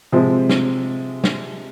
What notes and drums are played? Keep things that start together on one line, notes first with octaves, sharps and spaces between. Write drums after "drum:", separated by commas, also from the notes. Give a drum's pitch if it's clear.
C3 F3 G#3 C4
drum: snare
drum: snare